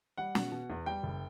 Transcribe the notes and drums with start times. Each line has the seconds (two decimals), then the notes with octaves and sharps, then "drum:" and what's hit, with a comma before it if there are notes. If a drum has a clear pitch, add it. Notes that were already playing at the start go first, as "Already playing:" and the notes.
0.18 G3 F#5
0.35 B2, drum: snare
0.52 B2
0.70 E2
0.86 G3 G5
1.03 F#1